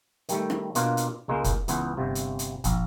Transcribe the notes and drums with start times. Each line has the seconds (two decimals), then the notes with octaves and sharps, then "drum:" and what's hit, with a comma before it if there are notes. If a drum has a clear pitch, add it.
0.29 D#3 G3 A3, drum: hi-hat
0.50 drum: rim click
0.75 B2 A#3 D4 F4, drum: hi-hat
0.97 drum: hi-hat
1.28 C#2 G#3 A#3
1.44 drum: kick, hi-hat
1.68 C#2 E3 B3, drum: hi-hat
1.97 G1 C3
2.15 drum: hi-hat
2.39 drum: hi-hat
2.64 A#1, drum: kick, hi-hat